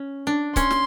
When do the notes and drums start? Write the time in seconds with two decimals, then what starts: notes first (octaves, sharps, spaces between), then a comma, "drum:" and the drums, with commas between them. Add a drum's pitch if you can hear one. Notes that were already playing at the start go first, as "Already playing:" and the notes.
Already playing: C#4
0.27 D4
0.56 C#4 C6, drum: kick C#1, hi-hat
0.71 drum: snare